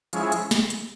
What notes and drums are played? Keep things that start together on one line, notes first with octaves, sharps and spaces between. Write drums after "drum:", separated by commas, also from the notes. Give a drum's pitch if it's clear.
F3 G#3 C#4 E4 G#4, drum: hi-hat
drum: hi-hat
drum: snare
drum: hi-hat